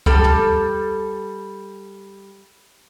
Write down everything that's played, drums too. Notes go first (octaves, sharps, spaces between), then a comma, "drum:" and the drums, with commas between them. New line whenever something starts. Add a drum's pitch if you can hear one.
G3 A4, drum: kick C#2
drum: tom